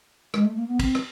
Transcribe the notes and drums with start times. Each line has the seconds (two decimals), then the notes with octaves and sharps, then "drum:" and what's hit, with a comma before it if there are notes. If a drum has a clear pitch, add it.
0.34 G#3, drum: rim click
0.45 A3
0.56 A#3
0.68 B3
0.79 C4, drum: kick, cymbal
0.95 drum: rim click